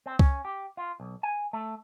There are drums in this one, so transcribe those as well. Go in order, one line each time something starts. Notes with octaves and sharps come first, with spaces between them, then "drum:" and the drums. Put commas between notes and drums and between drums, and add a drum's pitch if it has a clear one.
C4
C#4, drum: kick C2
G4
F4
B1
G#5
A3